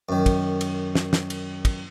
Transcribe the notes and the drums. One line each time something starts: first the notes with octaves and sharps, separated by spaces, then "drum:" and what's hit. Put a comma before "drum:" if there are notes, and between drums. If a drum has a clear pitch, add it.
F#2 D#3
drum: kick, cymbal
drum: cymbal
drum: snare
drum: snare
drum: cymbal
drum: kick, cymbal